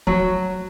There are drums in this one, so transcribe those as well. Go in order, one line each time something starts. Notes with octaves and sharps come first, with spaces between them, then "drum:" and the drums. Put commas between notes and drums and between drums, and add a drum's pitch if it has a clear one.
F#3, drum: kick